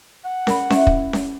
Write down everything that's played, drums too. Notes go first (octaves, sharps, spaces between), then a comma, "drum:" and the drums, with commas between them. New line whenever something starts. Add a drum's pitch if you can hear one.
F#5
A#4 B5, drum: snare C#4
C#4 E4, drum: snare C#4
drum: kick
drum: snare C#4